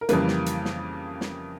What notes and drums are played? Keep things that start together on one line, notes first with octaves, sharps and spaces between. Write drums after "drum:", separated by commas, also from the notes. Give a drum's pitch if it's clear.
A#4
F2 C#3 E3 G3 A#3 B4, drum: hi-hat
drum: snare
drum: hi-hat
drum: snare
drum: snare